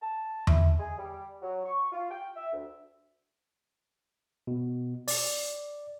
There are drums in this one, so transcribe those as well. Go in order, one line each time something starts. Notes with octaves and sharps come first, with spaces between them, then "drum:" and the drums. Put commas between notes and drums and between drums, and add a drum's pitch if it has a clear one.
A5
E4, drum: tom E2
G#4
G3
F#3
C#6
F4
G5
E5
D2
B2
D5, drum: open hi-hat